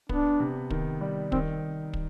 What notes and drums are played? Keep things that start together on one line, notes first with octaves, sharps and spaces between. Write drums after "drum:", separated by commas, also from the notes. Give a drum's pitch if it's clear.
B3 D4, drum: kick
C3
D#3, drum: kick
G3
D#3 C4, drum: kick
drum: kick